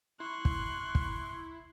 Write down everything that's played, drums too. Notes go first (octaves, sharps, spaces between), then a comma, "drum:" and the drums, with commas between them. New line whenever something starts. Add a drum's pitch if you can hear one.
E4 C6 C#6 F#6
drum: kick
drum: kick